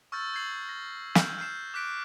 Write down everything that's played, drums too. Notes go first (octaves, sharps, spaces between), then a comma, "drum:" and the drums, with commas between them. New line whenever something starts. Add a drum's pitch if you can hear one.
C#6 E6 F6 G6 A6
G6 G#6 C7 F#7
A#6
F6 G6, drum: snare
F6 G6 C7 E7
D6 F#6 B6 D7